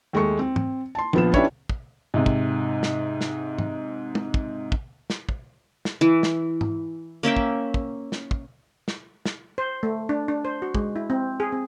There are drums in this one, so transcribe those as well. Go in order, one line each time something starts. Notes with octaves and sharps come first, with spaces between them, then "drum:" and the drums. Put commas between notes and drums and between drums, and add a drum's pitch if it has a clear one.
D#2 G#3 A3 C#6 C#7
C4
drum: tom G#2
A5 C6
A#1 F3 B3 F4 E7, drum: tom
C#4 D4 E4 G4 B4 C#5, drum: kick
drum: kick
G#2 C3
drum: kick
drum: snare
drum: snare
drum: tom G#2
drum: tom
drum: kick
drum: kick
drum: snare
drum: kick
drum: snare
E3
drum: snare
drum: tom G#2
A#3 C#4 E5 G5
drum: kick
drum: kick
drum: snare
drum: kick
drum: snare
drum: snare
C5
A3
D4
D4
C5
F#4
G#3, drum: kick
E4
C4
G#4
C4